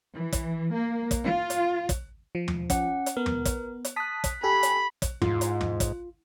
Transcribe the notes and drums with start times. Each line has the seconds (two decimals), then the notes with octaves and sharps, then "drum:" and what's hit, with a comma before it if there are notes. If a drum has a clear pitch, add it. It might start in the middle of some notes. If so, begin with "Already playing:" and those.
0.16 E3
0.33 drum: kick, hi-hat
0.76 A#3
1.11 drum: kick, hi-hat
1.24 F4
1.50 drum: hi-hat
1.89 drum: kick, hi-hat
2.35 F3
2.48 drum: tom
2.70 C#4 F#5, drum: kick, hi-hat
3.06 drum: hi-hat
3.17 B3 A#4
3.26 drum: tom
3.45 drum: kick, hi-hat
3.85 drum: hi-hat
3.96 A5 D#6 F#6 B6
4.24 drum: kick, hi-hat
4.43 G4 A4 G#5 B5
4.63 drum: hi-hat
5.02 drum: kick, hi-hat
5.22 G#2 F4, drum: tom
5.41 drum: hi-hat
5.61 drum: tom
5.80 drum: kick, hi-hat